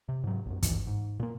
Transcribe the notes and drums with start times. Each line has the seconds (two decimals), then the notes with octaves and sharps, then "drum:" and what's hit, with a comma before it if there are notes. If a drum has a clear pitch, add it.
0.09 C3
0.24 G#2 F#3
0.46 A#1 F#2
0.63 D2 G2 D#3 E3, drum: kick, hi-hat
0.87 G#2
1.20 A#2 A#3